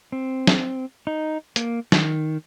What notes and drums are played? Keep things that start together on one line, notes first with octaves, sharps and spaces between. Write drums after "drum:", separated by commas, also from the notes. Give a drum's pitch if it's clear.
C4
drum: snare
D#4
A#3, drum: hi-hat
D#3, drum: snare